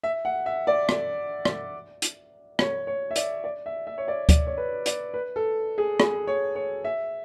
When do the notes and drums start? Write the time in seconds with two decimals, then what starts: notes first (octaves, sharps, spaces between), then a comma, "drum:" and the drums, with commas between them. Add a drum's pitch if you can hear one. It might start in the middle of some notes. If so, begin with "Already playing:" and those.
0.03 E5
0.25 F#5
0.46 E5
0.67 D5
0.89 drum: rim click
1.45 drum: rim click
2.02 drum: hi-hat
2.59 C#5, drum: rim click
2.87 C#5
3.11 E5
3.16 D5, drum: hi-hat
3.44 D5
3.66 E5
3.87 E5
3.98 C#5
4.08 D5
4.29 D5, drum: kick D2, hi-hat
4.47 C#5
4.58 B4
4.86 D5, drum: hi-hat
5.14 B4
5.36 A4
5.78 G#4
6.00 G#4, drum: rim click
6.27 C#5
6.56 C#5
6.84 E5